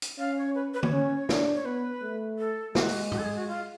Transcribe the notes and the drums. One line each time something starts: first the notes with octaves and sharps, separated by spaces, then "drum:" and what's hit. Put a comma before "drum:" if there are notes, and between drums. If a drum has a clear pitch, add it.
drum: hi-hat
C#4 F5
C#5
B4
B4
C#5, drum: tom D3
C#4
D4, drum: snare
C#5
B3 B4
A3
A4
G#3 F#4, drum: snare
drum: open hi-hat
F#4, drum: tom
A4
G#4
F#4
F4